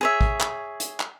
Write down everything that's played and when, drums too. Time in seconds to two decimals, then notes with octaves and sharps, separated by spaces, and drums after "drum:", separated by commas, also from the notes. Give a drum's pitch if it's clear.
0.01 G#4 C#5 E5
0.21 drum: kick A1
0.40 drum: clap
0.80 drum: hi-hat
1.00 drum: clap